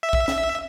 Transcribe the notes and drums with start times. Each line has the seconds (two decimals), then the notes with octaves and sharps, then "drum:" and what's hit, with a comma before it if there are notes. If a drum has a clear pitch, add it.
0.03 E5
0.13 drum: kick A#1
0.28 drum: snare